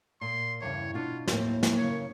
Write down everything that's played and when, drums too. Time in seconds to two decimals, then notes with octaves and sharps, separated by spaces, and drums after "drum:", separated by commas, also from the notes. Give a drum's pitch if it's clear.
0.21 A#2 C6
0.62 E2 G2 C#3 C#5
0.94 B2 D4 F4
1.28 D#2 A2 A#3 C4, drum: snare
1.63 drum: snare
1.77 F#2 C#3 C#5